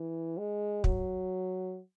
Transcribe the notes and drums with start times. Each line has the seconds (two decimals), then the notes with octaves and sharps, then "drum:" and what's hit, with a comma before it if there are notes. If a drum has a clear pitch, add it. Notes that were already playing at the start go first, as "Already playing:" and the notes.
Already playing: E3
0.39 G#3
0.84 F#3, drum: kick